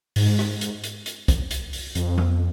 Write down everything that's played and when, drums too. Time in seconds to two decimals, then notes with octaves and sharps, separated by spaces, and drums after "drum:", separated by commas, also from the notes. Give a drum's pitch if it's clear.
0.16 G#2, drum: open hi-hat
0.39 drum: rim click
0.61 drum: hi-hat
0.84 drum: hi-hat
1.06 drum: hi-hat
1.28 drum: kick, hi-hat
1.51 drum: hi-hat
1.73 drum: open hi-hat
1.95 F2, drum: hi-hat
2.18 drum: tom F3